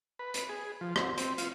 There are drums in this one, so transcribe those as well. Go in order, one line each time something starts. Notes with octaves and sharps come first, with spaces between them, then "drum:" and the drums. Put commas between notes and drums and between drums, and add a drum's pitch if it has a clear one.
B4
drum: hi-hat
G#4
F3
C4, drum: rim click
C4, drum: hi-hat
F4, drum: hi-hat